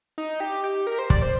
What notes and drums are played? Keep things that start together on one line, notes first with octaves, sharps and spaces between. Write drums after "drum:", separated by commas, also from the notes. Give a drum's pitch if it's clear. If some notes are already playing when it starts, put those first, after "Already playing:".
D#4
G4
G4
A#4
C5
D5, drum: kick
C5